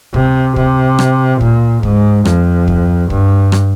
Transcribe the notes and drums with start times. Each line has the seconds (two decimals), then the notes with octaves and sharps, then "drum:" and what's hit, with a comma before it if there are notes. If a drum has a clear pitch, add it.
0.14 C3, drum: kick
0.56 C3, drum: kick
0.99 drum: rim click
1.41 A#2, drum: kick
1.83 G#2, drum: kick
2.25 F2, drum: rim click
2.68 drum: kick
3.10 G2, drum: kick
3.52 drum: rim click